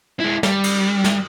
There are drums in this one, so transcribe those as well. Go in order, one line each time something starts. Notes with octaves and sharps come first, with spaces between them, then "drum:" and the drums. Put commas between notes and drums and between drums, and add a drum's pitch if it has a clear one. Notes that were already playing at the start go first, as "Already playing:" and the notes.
G#3 E4
G3, drum: snare
drum: cymbal
drum: snare